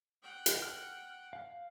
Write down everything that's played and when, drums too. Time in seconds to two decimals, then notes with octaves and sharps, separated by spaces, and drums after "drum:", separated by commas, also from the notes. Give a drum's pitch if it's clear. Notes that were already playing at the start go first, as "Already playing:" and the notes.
0.23 F#5 G5
0.46 drum: hi-hat
0.62 F6
1.33 F5